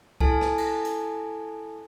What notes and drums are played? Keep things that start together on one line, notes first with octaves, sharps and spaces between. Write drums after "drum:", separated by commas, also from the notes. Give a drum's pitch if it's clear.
E4 A4 G#5 A5, drum: kick C2
drum: rim click
drum: cymbal
drum: hi-hat